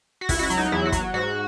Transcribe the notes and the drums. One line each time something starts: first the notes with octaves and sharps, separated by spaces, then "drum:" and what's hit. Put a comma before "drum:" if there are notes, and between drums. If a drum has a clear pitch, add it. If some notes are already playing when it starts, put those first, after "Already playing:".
F#4
C#2 E4, drum: kick, open hi-hat
F#4
E4
F#3, drum: hi-hat
D#4
E2 E4
F#4
F#3, drum: kick, hi-hat
G#2 F#4